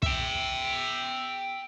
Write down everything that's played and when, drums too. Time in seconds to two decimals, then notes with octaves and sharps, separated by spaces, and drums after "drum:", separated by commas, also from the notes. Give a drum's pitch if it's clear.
0.03 E5 G5, drum: kick